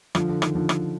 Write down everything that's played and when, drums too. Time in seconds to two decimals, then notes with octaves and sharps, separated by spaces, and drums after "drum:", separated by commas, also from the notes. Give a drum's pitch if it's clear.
0.15 D3 F3, drum: rim click
0.29 D3
0.42 D#3, drum: rim click
0.55 D3 F3
0.69 drum: rim click